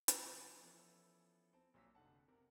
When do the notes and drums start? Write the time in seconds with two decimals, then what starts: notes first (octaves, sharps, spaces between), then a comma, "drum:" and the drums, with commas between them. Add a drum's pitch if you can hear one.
0.08 drum: hi-hat
0.25 C3 F3 C#5 A5 F#7
0.58 E3 F3 B3 C#4 E4 A4
1.53 C4 A5
1.74 A#1 A#2 F#3 F5 E6 B6
1.95 F1 D3 F#5 A5
2.28 C3 A#4